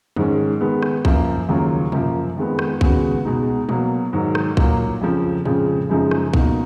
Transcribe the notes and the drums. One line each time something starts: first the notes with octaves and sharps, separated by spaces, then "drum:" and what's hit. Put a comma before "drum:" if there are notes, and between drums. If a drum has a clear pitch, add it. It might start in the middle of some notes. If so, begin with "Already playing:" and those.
G#2 D#3 G#3 C#4, drum: tom E3
D#3 G#3 B3
drum: rim click
F#2 F3 A#3, drum: kick B1
D#2 C#3 F#3 A#3 F4
F#2 F3 A#3, drum: tom B2
F2 D#3 G#3 B3
drum: rim click
D#2 C#3 G#3 B3 F#4, drum: kick B1
B2 G#3 D#4
B2 F#3 A#3, drum: tom E3
G#2 D#3 F#3
drum: rim click
A#2 F#3 A#3, drum: kick B1
F2 C#3 F3
F2 C#3 F3 G#3, drum: tom G#2
F#2 C#3 F3 G#3 D#4
drum: rim click
B2 A#3 D#4 F#4, drum: kick B1